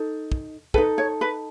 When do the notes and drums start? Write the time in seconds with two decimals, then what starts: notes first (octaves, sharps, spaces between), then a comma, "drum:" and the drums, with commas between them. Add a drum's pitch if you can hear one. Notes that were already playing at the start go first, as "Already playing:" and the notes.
Already playing: D#4 A4
0.32 drum: kick
0.74 D#4 A4 B4, drum: kick
0.98 C#5
1.21 B4